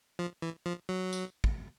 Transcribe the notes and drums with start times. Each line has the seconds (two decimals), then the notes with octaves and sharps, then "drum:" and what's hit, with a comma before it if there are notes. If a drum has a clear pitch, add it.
0.19 F3
0.42 E3
0.66 F3
0.89 F#3
1.13 drum: tambourine
1.44 drum: kick